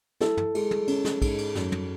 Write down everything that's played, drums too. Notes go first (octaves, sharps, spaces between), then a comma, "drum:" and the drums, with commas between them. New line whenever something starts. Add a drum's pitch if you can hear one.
E4 A4, drum: snare
drum: tom
G#3, drum: cymbal
drum: tom
C#4, drum: cymbal
drum: snare
G#2, drum: kick, cymbal
drum: cymbal
F#2, drum: snare
drum: tom